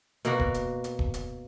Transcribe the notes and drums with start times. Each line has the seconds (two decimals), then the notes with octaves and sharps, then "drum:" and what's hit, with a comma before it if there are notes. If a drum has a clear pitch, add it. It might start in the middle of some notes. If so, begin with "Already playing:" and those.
0.25 B2 A#3 F#4, drum: hi-hat
0.39 drum: kick
0.54 drum: hi-hat
0.84 drum: hi-hat
0.99 drum: kick
1.14 drum: hi-hat